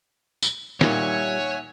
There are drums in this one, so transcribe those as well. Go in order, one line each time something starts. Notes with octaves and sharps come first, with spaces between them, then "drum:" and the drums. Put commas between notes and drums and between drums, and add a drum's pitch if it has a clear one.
drum: tambourine
A#2 D#3 G3 C#5 E5 F#5 G#5, drum: snare